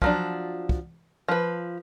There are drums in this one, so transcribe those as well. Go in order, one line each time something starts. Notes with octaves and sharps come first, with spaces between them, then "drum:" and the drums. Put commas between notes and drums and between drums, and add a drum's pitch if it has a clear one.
F3 F#3 D4, drum: kick
drum: kick
F3 B4